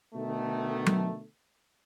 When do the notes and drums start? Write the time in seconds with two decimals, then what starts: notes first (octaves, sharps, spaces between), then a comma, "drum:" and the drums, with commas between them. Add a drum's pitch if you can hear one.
0.14 B2 D3 D#3 A3
0.86 drum: tom F#3